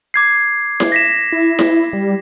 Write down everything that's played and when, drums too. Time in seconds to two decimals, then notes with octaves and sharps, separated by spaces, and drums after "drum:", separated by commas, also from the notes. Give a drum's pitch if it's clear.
0.14 D6 G#6 C7
0.80 drum: snare E4
0.92 A#6 B6 E7
1.32 E4
1.59 drum: snare E4
1.93 G3